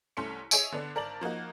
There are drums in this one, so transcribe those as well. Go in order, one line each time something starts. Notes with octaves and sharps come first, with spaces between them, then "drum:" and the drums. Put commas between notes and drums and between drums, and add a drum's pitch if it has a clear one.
C2 A3 C#4 C#5 C6 C#7
G#4 C#5 D#5 E5 G#5, drum: tambourine
D3 B3 D4
G#1 A#4 D5 A5 F#7
F3 A#3 D#4 F#4